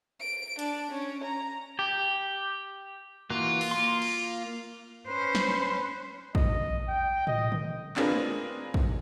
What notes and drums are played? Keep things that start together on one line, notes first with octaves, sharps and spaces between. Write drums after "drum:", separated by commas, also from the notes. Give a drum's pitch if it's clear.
D7
D4, drum: hi-hat
C#4
A#5
G4
E3 A#3 F4 F#4
drum: open hi-hat
A#3 C6
drum: cymbal
C#4 B4 C5
drum: snare
D#5, drum: kick
G5
D#5, drum: tom A2
drum: tom D3
C4 D4 F4 G#4 A#4 B4, drum: clap
drum: tom G#3
drum: kick